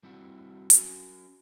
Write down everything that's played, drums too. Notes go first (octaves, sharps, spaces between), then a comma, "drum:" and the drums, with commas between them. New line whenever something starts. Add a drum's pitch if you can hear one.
G3 C4 E4 F#4
C#4 F#4, drum: hi-hat